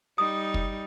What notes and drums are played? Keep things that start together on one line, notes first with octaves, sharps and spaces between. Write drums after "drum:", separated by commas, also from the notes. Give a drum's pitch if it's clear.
G3 D#4 D#6
drum: kick